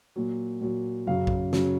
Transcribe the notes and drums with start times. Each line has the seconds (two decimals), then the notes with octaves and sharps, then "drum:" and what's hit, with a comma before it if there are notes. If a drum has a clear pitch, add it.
0.16 A#2 F#3
0.61 A#2 F#3
1.07 F#2 C#3 F#3 F5
1.27 drum: kick A#1
1.53 C#3 F#3, drum: snare